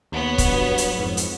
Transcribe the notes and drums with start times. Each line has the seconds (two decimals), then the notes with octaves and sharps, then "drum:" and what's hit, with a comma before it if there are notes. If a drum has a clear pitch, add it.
0.12 D#2 B3 C#5
0.38 drum: kick, hi-hat
0.48 G2 F#3
0.78 drum: hi-hat
0.97 F2 G#2
1.17 drum: hi-hat